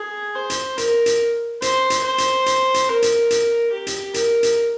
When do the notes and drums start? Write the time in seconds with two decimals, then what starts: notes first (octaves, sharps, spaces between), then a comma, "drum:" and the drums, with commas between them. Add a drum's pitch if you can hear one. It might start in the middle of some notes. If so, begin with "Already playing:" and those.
Already playing: G#4
0.36 C5
0.50 drum: hi-hat
0.78 A#4, drum: hi-hat
1.06 drum: hi-hat
1.62 C5, drum: hi-hat
1.90 drum: hi-hat
2.04 C5
2.18 drum: hi-hat
2.46 drum: hi-hat
2.74 drum: hi-hat
2.88 A#4
3.02 drum: hi-hat
3.30 drum: hi-hat
3.72 G4
3.87 drum: hi-hat
4.14 A#4, drum: hi-hat
4.43 drum: hi-hat